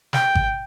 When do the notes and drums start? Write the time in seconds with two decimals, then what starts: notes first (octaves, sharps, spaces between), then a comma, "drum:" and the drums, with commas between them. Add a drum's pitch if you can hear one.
0.13 G5, drum: snare
0.35 drum: kick G#1